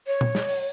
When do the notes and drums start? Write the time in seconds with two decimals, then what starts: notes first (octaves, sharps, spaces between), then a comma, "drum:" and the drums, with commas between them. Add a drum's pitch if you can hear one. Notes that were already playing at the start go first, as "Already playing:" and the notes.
0.07 C#5
0.21 drum: tom A#2
0.35 drum: snare
0.49 drum: open hi-hat